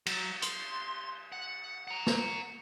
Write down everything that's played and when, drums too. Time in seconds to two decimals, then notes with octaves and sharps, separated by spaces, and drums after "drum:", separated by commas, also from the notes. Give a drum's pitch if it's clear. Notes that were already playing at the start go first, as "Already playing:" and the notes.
0.06 F#3, drum: cymbal
0.42 C6, drum: hi-hat
1.32 F#5
1.88 F#5 A#5
2.07 drum: snare